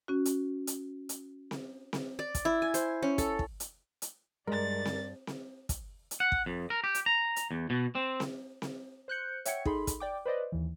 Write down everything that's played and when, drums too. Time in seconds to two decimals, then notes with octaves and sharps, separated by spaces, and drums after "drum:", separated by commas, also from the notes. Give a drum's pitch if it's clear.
0.08 C#4 F#4
0.25 drum: hi-hat
0.67 drum: hi-hat
1.09 drum: hi-hat
1.51 drum: snare C4
1.93 drum: snare C4
2.19 D5
2.35 drum: kick, hi-hat
2.45 E4
2.62 G#5
2.74 C5, drum: hi-hat
3.03 C#4
3.18 A4, drum: kick, hi-hat
3.39 drum: kick
3.60 drum: hi-hat
4.02 drum: hi-hat
4.47 G2 G#3 A#4 D5 A6
4.85 drum: snare C4
5.27 drum: snare C4
5.69 drum: kick, hi-hat
6.11 drum: hi-hat
6.20 F#5
6.32 drum: kick
6.46 F2
6.70 A#4
6.84 G4
6.95 drum: hi-hat
7.06 A#5
7.36 drum: hi-hat
7.51 E2
7.70 B2
7.95 C4
8.20 drum: snare C4
8.62 drum: snare C4
9.08 C5 F#6 G6 C#7
9.45 C#5 E5 F#5 G5 G#6 C#7, drum: hi-hat
9.65 D#4 G#4 A4 B5 C6, drum: kick
9.87 drum: kick, hi-hat
10.00 D5 G5 D6
10.25 B4 C5 D5 D#5
10.52 D#2 E3